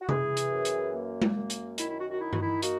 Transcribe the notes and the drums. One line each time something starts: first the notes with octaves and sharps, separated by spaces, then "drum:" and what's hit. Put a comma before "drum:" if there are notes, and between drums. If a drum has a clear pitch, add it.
F#4
E3 G#4, drum: tom C3
drum: hi-hat
F#2
drum: hi-hat
A#3
drum: tom G#3
F#2
drum: hi-hat
D#3 E4, drum: hi-hat
E4
F#4
F#4
D#4 E4
F#4, drum: tom G2
E4
A#3 F#4, drum: hi-hat